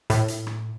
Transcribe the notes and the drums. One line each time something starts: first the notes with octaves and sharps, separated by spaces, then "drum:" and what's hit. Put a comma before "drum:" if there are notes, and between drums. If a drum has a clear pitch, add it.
A2, drum: hi-hat
drum: hi-hat
drum: rim click